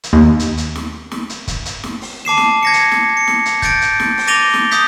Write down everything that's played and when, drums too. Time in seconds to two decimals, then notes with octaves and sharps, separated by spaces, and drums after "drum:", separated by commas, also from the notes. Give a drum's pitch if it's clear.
0.03 drum: hi-hat
0.13 D#2
0.39 drum: hi-hat
0.57 drum: hi-hat
0.75 drum: snare
1.11 drum: snare
1.29 drum: hi-hat
1.48 drum: kick, hi-hat
1.66 drum: hi-hat
1.84 drum: snare
2.02 drum: open hi-hat
2.25 A5 D6 C7 E7
2.38 drum: snare
2.63 G#6 A#6 C#7
2.74 drum: hi-hat
2.92 drum: snare
3.17 C#7
3.28 drum: snare
3.46 drum: hi-hat
3.62 G6 A6 D7, drum: kick, hi-hat
3.82 drum: hi-hat
4.00 drum: snare
4.18 drum: open hi-hat
4.27 D6 A6 A#6 D#7 F7 G7
4.54 drum: snare
4.72 D#6 G6 B6, drum: hi-hat